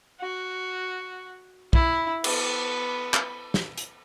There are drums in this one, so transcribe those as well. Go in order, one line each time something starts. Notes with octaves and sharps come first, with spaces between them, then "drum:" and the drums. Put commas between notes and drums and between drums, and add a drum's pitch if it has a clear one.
F#4
E4, drum: kick
B3, drum: cymbal
drum: clap
drum: snare
drum: hi-hat